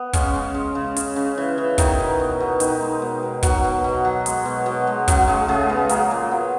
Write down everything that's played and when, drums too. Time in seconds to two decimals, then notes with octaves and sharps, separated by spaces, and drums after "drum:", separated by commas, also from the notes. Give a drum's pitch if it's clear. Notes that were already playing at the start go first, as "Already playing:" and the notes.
Already playing: B3
0.13 C#3 G#3 C#4, drum: kick, hi-hat
0.34 C#3
0.55 G#3
0.75 C#3
0.97 C#3, drum: hi-hat
1.16 C#3
1.38 E3
1.58 E3
1.78 B2 D#3 D#4, drum: kick, hi-hat
1.99 B2
2.20 B2
2.40 B2
2.60 B2 D#3 D#4, drum: hi-hat
2.81 G#3
3.02 B2
3.23 B2
3.43 B2 F#3 F#4, drum: kick, hi-hat
3.64 B2
3.84 B2
4.05 F#3
4.26 G#3, drum: hi-hat
4.45 B2
4.66 B2
4.87 G#3
5.08 C#3 F#3 F#4, drum: kick, hi-hat
5.28 C#3 G#3 G#4
5.48 C#3 G#3 G#4
5.69 C#3 B3
5.89 F#3 A#3, drum: hi-hat
6.11 A#2
6.31 F#3 B3